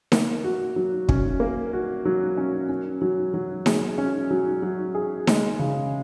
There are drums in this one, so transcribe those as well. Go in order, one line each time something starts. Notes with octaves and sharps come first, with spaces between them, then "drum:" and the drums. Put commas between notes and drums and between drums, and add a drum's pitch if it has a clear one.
A#3, drum: snare D#4
F#4
F#3
C#4, drum: kick
A#3
F#4
F#3
C#4
C#4
F#3
F#3
G#4, drum: snare D#4
C#4
F#3
F#3
G#4
G#3, drum: snare D#4
C#3